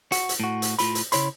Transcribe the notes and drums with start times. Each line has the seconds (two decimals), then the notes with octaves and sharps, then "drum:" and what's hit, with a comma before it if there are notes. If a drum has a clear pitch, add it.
0.12 F#4, drum: hi-hat
0.29 drum: hi-hat
0.40 A2 F#4
0.62 drum: hi-hat
0.79 A2 F4 B5, drum: hi-hat
0.95 drum: hi-hat
1.12 C#3 E4 C#5 B5 C6, drum: hi-hat